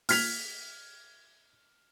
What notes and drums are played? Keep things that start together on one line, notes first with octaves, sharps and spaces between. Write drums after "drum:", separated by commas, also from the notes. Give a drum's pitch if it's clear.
F6 G#6 B6 F7, drum: open hi-hat